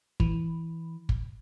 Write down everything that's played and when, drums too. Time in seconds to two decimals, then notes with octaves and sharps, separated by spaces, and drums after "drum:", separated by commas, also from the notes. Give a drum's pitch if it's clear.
0.20 E3, drum: kick
1.09 drum: kick